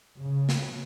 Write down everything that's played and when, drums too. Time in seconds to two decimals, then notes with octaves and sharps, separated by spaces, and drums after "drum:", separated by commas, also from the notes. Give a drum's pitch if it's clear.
0.19 C#3
0.49 drum: snare